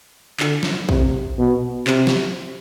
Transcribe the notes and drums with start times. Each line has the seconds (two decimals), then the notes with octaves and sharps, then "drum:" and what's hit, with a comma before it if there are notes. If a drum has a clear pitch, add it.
0.40 D3, drum: clap
0.63 drum: snare
0.89 C3, drum: kick A#1
1.38 B2
1.87 C3, drum: clap
2.07 drum: snare